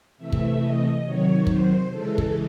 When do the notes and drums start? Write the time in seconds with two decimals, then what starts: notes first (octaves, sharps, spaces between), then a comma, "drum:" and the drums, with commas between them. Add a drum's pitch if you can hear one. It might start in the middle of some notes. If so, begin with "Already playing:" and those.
0.18 C3 E3 A3 E5
0.32 drum: kick
0.61 D#5
1.04 C3 D#3 F#3 C#5
1.47 C5, drum: kick
1.89 C#3 E3 G#3 A4
2.18 drum: kick